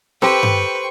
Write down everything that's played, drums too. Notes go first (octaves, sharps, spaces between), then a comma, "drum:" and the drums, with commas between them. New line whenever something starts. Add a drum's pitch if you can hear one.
G4 A4 B4 C5 G5 C#6, drum: snare C4
drum: tom G2